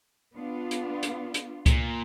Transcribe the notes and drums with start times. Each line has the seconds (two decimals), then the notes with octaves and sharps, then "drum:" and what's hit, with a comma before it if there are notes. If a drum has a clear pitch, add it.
0.35 B3 D4 F4
0.71 drum: hi-hat
1.03 drum: hi-hat
1.34 drum: hi-hat
1.66 A#2, drum: kick C#2, hi-hat